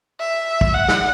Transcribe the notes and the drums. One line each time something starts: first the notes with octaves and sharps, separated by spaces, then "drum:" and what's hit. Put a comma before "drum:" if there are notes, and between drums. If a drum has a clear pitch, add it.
E5
drum: kick
F#5
drum: snare